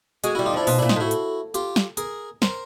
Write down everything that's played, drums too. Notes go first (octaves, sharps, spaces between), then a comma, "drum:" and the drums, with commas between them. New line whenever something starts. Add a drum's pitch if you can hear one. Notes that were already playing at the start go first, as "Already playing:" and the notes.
G#3 F#4 G#4, drum: hi-hat
E4 F#4
G3
D#4 F4
F3 D4 E4
B2 D#4 F4, drum: open hi-hat
D4 E4
A#2
D#4 F4, drum: snare
A2 E4 F#4
drum: hi-hat
F4 G4, drum: hi-hat
drum: snare
G#4 A#4, drum: hi-hat
A#4 C5, drum: snare